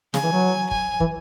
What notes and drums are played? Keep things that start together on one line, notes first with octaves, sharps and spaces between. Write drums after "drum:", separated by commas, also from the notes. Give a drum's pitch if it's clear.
C#3 G#5, drum: snare
E3
F#3
G#5, drum: kick
E3, drum: kick